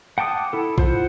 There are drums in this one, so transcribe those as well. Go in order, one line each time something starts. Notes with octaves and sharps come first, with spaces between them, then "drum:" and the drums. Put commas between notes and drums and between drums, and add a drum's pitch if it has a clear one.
F#5 G5 A5 D6 D#6
E4 A4
F4 C5 F#5, drum: kick A#1